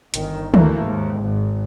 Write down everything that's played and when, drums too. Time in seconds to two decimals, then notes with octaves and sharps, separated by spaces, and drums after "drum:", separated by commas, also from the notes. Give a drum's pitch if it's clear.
0.14 G1 D#3, drum: hi-hat
0.54 D2 E3 A3 A#3, drum: tom
0.83 D#2 G#2
1.20 G#1